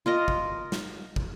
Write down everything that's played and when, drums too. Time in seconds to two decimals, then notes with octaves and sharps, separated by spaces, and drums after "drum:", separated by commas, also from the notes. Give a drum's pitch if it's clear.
0.06 F4 A#4 D#5
0.28 drum: kick
0.72 drum: snare
1.16 drum: kick